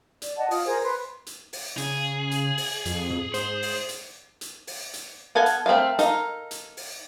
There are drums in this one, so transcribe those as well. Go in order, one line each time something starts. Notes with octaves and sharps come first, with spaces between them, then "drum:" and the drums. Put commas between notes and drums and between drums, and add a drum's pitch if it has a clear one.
D5, drum: hi-hat
D5 D#5 F#5 A5
F4 D#6, drum: open hi-hat
G#4 A#4 C5 G#5
B4 C6
drum: hi-hat
drum: open hi-hat
C#3 G#4, drum: hi-hat
drum: hi-hat
drum: open hi-hat
F2, drum: hi-hat
drum: tom
G#2 C5, drum: hi-hat
drum: open hi-hat
drum: hi-hat
drum: hi-hat
drum: open hi-hat
drum: hi-hat
B3 A4 F5 G#5 A5
drum: hi-hat
A3 C4 A4 A#4 F5
D#4 A4 A#4 F5, drum: hi-hat
drum: hi-hat
drum: open hi-hat